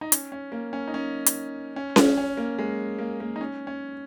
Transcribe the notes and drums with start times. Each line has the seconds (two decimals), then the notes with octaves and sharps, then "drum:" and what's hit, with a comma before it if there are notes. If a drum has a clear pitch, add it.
0.01 D#4
0.12 C#4, drum: hi-hat
0.32 C#4
0.52 A#3
0.73 C#4
0.88 D#4
0.94 C#4
1.26 drum: hi-hat
1.76 C#4
1.96 C#4, drum: snare C#4
2.18 C#4
2.37 A#3
2.59 G#3
2.99 A#3
3.20 A#3
3.36 D#4
3.41 C#4
3.67 C#4